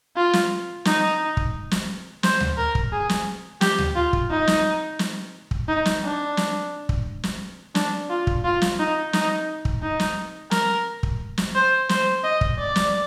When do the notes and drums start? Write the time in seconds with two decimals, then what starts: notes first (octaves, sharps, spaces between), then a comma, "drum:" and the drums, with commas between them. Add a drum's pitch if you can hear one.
0.16 F4
0.33 drum: snare
0.85 D#4, drum: snare
1.37 drum: kick
1.71 drum: snare
2.23 C5, drum: snare
2.40 drum: tom D2
2.57 A#4
2.75 drum: kick
2.92 G#4
3.09 drum: snare
3.61 G4, drum: snare
3.78 drum: tom D2
3.96 F4
4.13 drum: kick
4.30 D#4
4.47 drum: snare
4.99 drum: snare
5.51 drum: kick
5.68 D#4
5.85 drum: snare
6.03 D4
6.37 drum: snare
6.89 drum: kick
7.23 drum: snare
7.75 D4, drum: snare
8.10 F4
8.27 drum: kick
8.44 F4
8.62 drum: snare
8.79 D#4
9.13 D#4, drum: snare
9.65 drum: kick
9.82 D#4
10.00 drum: snare
10.51 A#4, drum: snare
11.03 drum: kick
11.38 drum: snare
11.55 C5
11.89 C5, drum: snare
12.24 D#5
12.41 drum: kick
12.58 D5
12.76 drum: snare